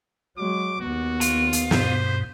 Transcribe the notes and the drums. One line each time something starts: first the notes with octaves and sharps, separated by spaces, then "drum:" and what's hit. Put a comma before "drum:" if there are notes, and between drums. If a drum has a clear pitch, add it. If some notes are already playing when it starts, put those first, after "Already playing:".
F#3 G#3 D6
D#2 B3 F#4
F4, drum: hi-hat
drum: hi-hat
G2 B2 C5, drum: snare